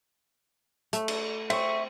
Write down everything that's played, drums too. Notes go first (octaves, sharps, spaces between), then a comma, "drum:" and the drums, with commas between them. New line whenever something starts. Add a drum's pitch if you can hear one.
A3, drum: hi-hat
drum: cymbal
C4 E5 C#6, drum: cymbal